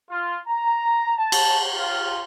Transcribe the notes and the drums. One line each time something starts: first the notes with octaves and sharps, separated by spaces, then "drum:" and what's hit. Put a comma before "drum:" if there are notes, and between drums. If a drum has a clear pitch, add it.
F4
A#5
A5
drum: cymbal
F4